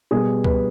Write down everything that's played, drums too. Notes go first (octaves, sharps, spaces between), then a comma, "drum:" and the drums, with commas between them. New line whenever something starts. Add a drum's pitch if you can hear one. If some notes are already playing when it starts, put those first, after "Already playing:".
B2 G3 B3 G#4
B4, drum: kick C#2